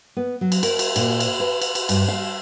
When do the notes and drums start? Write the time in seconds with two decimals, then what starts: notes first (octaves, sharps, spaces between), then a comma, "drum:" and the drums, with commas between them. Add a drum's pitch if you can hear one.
0.17 B3
0.41 F#3
0.52 drum: cymbal
0.63 A#4, drum: cymbal
0.79 drum: cymbal
0.96 A#2, drum: cymbal
1.20 drum: cymbal
1.40 B4
1.61 drum: cymbal
1.75 drum: cymbal
1.89 G2, drum: cymbal
2.08 F5